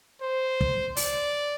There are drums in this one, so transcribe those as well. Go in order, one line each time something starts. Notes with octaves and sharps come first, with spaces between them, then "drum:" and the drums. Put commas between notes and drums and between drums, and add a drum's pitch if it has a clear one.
C5
drum: kick
D5, drum: open hi-hat